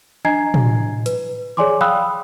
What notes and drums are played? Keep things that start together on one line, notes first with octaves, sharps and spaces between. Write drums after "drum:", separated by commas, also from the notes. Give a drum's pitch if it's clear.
D4 D#5 G#5 A#5 G#6 C7
drum: tom
B4, drum: hi-hat
G#4 C#5 D5 G#5 C6 D6
F5 G5 B5 D#6 E6 F#6